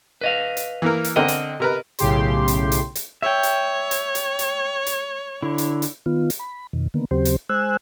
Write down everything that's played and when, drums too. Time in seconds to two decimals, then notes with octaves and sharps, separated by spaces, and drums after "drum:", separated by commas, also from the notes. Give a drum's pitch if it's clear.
0.21 B4 D#5 F5
0.57 drum: hi-hat
0.82 E3 A#3 A#4
1.04 drum: hi-hat
1.16 D3 C4 A#4 D#5
1.28 drum: hi-hat
1.60 C3 A#4 B4
1.99 B1 A2 C#3 G4 C6, drum: hi-hat
2.48 drum: hi-hat
2.72 drum: hi-hat
2.95 drum: hi-hat
3.22 C#5 E5 G5
3.43 drum: hi-hat
3.91 drum: hi-hat
4.15 drum: hi-hat
4.39 drum: hi-hat
4.87 drum: hi-hat
5.42 D3 E4
5.58 drum: hi-hat
5.82 drum: hi-hat
6.06 D#3 B3 F4
6.30 drum: hi-hat
6.40 B5
6.73 F2 B2 D#3
6.94 D3 D#3 A#3 B3
7.11 D#2 C#3 F#3 C4 G4 C5
7.25 drum: hi-hat
7.49 G#3 C5 G#5 E6 F#6